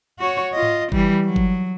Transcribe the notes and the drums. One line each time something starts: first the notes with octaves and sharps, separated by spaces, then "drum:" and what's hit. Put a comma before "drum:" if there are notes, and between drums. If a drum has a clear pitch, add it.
F#4 C#5
F4 D#5
drum: tom G#2
E3 G3, drum: kick G1
F#3
drum: kick G1